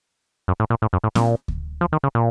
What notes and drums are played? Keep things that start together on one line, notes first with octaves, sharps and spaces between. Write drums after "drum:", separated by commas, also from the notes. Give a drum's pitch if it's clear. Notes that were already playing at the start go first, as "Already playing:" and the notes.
F#2
A2
A#2
A2
F#2
A2
A#2, drum: snare C4
drum: kick D2
F3
D#3
C#3
A#2